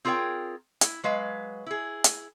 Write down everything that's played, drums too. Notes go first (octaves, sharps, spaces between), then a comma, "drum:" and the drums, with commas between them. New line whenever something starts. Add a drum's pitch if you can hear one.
C4 F4 G#4 A#4 C#5 G5
E4, drum: hi-hat
F#3 G#3 B4 F5
E4 G#4
drum: hi-hat